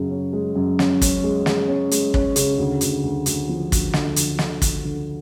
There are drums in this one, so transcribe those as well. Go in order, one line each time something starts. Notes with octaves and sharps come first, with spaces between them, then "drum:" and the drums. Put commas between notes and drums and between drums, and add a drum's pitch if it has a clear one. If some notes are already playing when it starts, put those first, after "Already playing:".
Already playing: F#2 C#3 C#4
C#4
G#3
F#2
C#4, drum: snare
C#4, drum: kick, hi-hat
G#3
G#3, drum: snare
C#4
G#3, drum: hi-hat
C#4, drum: kick
C#3, drum: hi-hat
D2
D2, drum: hi-hat
D2
D2, drum: hi-hat
F3
D2, drum: kick, hi-hat
D3, drum: snare
D2, drum: hi-hat
D3, drum: snare
D3, drum: kick, hi-hat
D3